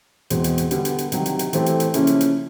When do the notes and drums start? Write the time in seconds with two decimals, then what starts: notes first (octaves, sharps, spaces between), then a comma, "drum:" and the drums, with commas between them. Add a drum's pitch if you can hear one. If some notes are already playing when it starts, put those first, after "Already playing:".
0.30 E2 B2 G#3 C4, drum: hi-hat
0.44 drum: hi-hat
0.58 drum: hi-hat
0.71 D3 G3 B3, drum: hi-hat
0.85 drum: hi-hat
0.98 drum: hi-hat
1.12 C3 D#3 F#3, drum: hi-hat
1.26 drum: hi-hat
1.39 drum: hi-hat
1.53 E3 A3 C4 E4 G4, drum: hi-hat
1.66 drum: hi-hat
1.80 drum: hi-hat
1.94 C#3 F3 A#3 C#4 E4, drum: hi-hat
2.07 drum: hi-hat
2.21 drum: hi-hat